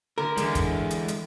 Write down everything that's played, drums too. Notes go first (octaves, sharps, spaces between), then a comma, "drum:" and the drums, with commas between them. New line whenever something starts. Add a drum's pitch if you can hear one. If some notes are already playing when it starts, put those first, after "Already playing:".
D3 A#4
E2 D3 G#3, drum: hi-hat
drum: kick, hi-hat
drum: hi-hat
drum: hi-hat